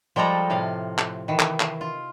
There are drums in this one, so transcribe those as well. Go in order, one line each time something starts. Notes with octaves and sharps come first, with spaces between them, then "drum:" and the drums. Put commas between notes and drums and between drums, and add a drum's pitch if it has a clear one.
F3 G3 G#3 A4 A#5
A2 C3 F5
drum: clap
D#3 E3
drum: clap
drum: clap
F4